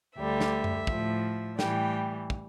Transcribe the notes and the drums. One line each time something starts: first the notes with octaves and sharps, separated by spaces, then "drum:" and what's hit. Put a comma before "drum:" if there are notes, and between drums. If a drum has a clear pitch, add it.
D2 D3 G3 E5
drum: snare
drum: tom F#2
A2 F3, drum: kick
A2 E3 G3 G5, drum: snare
drum: kick